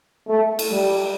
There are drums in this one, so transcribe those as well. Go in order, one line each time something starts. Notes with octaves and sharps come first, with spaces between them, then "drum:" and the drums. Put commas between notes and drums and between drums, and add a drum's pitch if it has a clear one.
A3
drum: cymbal
G3